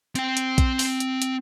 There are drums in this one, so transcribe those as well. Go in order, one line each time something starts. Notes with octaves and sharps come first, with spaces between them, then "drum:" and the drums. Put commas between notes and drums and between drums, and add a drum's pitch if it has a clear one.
C4 G5, drum: hi-hat
drum: hi-hat
drum: kick A#1, hi-hat
drum: open hi-hat
drum: hi-hat
drum: hi-hat